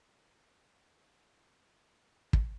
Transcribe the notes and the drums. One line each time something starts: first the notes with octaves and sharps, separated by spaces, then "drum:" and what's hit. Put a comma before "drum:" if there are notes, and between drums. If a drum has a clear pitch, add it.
E2 B3 B5
drum: kick